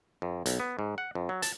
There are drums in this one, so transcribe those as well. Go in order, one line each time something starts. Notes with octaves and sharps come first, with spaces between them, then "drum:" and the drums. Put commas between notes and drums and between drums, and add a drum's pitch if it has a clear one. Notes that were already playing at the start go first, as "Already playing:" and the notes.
F2
B1, drum: hi-hat
B3
G#2
F#5
F2
F#3
A5, drum: hi-hat